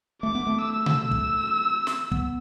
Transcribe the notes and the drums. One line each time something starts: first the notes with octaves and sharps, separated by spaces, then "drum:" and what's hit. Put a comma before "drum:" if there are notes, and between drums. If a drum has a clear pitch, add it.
A3 D6
B3
A3
E6
drum: tom B2
drum: kick
drum: snare
B3, drum: kick